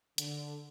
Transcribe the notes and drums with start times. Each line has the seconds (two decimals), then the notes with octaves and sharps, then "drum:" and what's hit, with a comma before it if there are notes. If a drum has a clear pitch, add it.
0.18 D3, drum: hi-hat